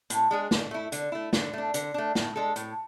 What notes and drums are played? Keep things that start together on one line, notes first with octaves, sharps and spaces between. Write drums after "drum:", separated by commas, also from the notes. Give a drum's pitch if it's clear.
A2, drum: hi-hat
G#3 D4 G#4
D3, drum: snare
A3 E4
D3, drum: hi-hat
A3 E4
D3, drum: snare
A3 D4
D3, drum: hi-hat
A3 D4
A2, drum: snare
G#3 D4 A4
A2, drum: hi-hat